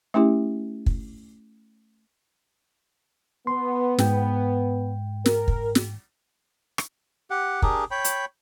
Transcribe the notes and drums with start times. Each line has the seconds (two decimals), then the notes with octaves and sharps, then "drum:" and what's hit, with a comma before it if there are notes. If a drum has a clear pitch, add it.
0.14 A3 C#4 E4 G4
0.86 drum: kick
3.47 B3 C6
3.99 G#2 G5, drum: snare
5.26 A#4, drum: snare
5.48 drum: kick
5.75 drum: snare
6.78 drum: rim click
7.30 G4 F#5
7.62 D4 G4 G#4 A#4, drum: kick
7.91 C#5 G5 B5
8.04 drum: hi-hat